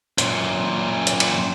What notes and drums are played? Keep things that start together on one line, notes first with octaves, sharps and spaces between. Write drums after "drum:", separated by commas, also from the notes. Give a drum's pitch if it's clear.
F#2 A#2, drum: hi-hat
drum: hi-hat
drum: cymbal